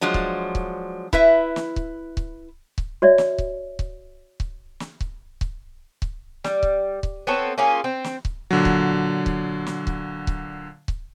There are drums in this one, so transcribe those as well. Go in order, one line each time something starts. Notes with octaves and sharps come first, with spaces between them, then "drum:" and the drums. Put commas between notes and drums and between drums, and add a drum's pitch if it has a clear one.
F3 F#3 G#3 D4
drum: kick C#1
drum: kick C#1
E4 B4 E5, drum: kick C#1
drum: snare
drum: kick C#1
drum: kick C#1
drum: kick C#1
F#4 C#5 D5 E5
drum: snare
drum: kick C#1
drum: kick C#1
drum: kick C#1
drum: snare
drum: kick C#1
drum: kick C#1
drum: kick C#1
G3, drum: snare
drum: kick C#1
drum: kick C#1
B3 C4 A4 C#5
A#3 C#4 F4 G#4
C4
drum: snare
drum: kick C#1
A#2 D3 F#3
drum: kick C#1
drum: kick C#1
drum: snare
drum: kick C#1
drum: kick C#1
drum: kick C#1